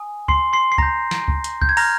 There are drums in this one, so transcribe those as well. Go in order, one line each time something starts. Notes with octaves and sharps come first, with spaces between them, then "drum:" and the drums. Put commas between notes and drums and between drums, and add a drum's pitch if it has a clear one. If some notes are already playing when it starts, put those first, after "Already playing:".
Already playing: G#5 D#6
C6 C7, drum: kick C#2
C6 C7
C7
A#5 C6 G6 A#6, drum: kick C#2
drum: snare
drum: kick C#2
drum: hi-hat
G6, drum: kick C#2
G#6
A#5 F6 A#6, drum: open hi-hat